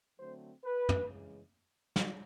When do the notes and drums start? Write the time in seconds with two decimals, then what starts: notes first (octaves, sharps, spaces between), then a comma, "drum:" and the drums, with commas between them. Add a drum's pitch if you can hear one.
0.20 D3 F#3 A3 C4 C5
0.65 B4
0.89 drum: tom
1.09 C#3 E3 G#3
1.96 drum: snare